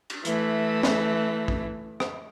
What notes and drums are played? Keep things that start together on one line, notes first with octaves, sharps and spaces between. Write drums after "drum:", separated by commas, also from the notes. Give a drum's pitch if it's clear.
drum: cymbal
E3 A3, drum: hi-hat
drum: snare
drum: kick
drum: rim click